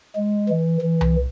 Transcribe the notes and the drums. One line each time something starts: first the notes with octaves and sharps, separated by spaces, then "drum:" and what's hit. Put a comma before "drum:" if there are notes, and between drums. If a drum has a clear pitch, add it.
G#3
E3
E3
drum: tom C2